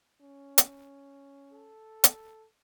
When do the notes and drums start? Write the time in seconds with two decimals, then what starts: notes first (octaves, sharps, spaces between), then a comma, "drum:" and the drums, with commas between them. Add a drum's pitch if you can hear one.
0.21 C#4
0.58 drum: hi-hat
1.52 A4
2.04 drum: hi-hat